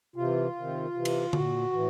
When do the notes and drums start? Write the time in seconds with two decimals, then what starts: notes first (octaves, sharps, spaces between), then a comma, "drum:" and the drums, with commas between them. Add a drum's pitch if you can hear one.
0.16 C3 F4
0.21 E3
0.55 C3 D#3
0.94 C3 E3
1.05 drum: cymbal
1.33 A#2 F#4, drum: tom D3
1.72 A2 E3